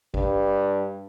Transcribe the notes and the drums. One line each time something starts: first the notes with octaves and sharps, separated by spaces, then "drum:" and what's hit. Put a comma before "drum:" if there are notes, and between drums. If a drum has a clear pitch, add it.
G2, drum: kick